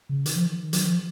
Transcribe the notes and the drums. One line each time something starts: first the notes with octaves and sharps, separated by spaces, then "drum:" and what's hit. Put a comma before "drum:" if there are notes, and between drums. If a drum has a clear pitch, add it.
C#3
D#3, drum: hi-hat
F3
D#3
F#3, drum: hi-hat
F3